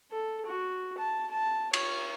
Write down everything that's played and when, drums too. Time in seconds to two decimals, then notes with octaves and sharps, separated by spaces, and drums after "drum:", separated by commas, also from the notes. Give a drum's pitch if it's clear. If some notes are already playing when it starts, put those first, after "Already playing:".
0.11 A4
0.46 F#4
0.98 A5
1.31 A5
1.73 C#5, drum: cymbal